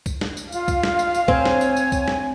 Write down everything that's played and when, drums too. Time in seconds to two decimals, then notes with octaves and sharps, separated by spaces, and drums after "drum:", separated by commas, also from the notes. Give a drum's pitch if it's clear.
0.06 drum: kick, tambourine
0.21 drum: snare
0.37 drum: tambourine
0.52 F4 F5, drum: tambourine
0.68 drum: kick, tambourine
0.83 drum: snare
0.99 drum: tambourine
1.14 drum: tambourine
1.28 C4 C#5 G#5, drum: kick
1.45 drum: snare
1.61 drum: tambourine
1.77 drum: tambourine
1.92 drum: kick, tambourine
2.08 drum: snare